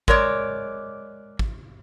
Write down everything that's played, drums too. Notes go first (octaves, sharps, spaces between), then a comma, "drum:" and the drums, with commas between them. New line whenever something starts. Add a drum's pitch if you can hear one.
G#3 A#4 C#5 D5, drum: kick
drum: kick